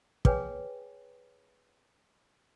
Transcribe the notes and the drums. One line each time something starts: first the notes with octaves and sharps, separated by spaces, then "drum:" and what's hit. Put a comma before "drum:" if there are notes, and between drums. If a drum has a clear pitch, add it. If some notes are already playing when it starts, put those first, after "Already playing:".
G#4 B4 C#5 G5 G#5, drum: kick